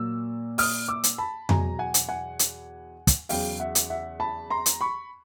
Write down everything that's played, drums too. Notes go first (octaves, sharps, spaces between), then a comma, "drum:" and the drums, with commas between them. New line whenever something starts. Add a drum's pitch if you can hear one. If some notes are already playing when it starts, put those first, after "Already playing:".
Already playing: A#2 F#3 A#3 E6
D#6 F6, drum: open hi-hat
D6 E6
drum: hi-hat
A5 B5
E2 B2 F#3 G#5 A#5, drum: tom F2
F#5 G#5
drum: hi-hat
F#5 G#5
drum: hi-hat
drum: kick, hi-hat
E2 C#3 F#3 F5 G5, drum: open hi-hat
E5 F#5
drum: hi-hat
E5 F#5
A5 B5
A#5 C6
drum: hi-hat
B5 C#6